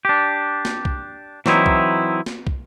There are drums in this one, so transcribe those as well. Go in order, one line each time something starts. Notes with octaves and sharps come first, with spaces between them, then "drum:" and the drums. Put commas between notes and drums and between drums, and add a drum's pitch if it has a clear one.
D4 G4
drum: snare
drum: kick
E3 F#3 C4 D#4 E4, drum: snare
drum: kick
drum: snare
drum: kick